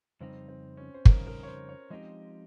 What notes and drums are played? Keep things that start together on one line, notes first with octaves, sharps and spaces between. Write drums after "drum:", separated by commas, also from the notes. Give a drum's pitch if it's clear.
F2 C#3 G3 C4 D#4
C4
C#4
C5
F2 C#3 G3 D#4 A#4, drum: kick
A#4
C#5
C5
C#5
F3 G#3 C4 D#4 G4 D#5